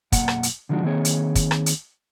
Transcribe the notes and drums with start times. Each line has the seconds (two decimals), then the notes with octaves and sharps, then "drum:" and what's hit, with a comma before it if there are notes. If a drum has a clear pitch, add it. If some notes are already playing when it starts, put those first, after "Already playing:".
0.12 B1 F#2 A#3 F#5, drum: kick, hi-hat
0.28 drum: rim click
0.43 drum: hi-hat
0.69 D3 D#3 F3 G#3 D4 F#4
0.83 D#3 A#3 C4 G#4 C#5
1.05 drum: hi-hat
1.35 drum: kick, hi-hat
1.51 drum: rim click
1.66 drum: hi-hat